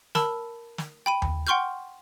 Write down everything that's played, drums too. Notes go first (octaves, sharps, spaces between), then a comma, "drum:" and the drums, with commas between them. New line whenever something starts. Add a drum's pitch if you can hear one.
A#4 A5 B5 E6, drum: snare
drum: snare
G5 B5 D#7
drum: tom D#2
F#5 G5 C6 C#6 F6 G6